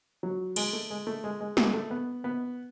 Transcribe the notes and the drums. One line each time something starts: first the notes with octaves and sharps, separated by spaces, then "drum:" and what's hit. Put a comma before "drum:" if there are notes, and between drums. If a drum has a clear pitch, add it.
F#3
G#3, drum: cymbal
A3
G#3
A3
G#3
G#3
G#3, drum: snare
A3
B3
B3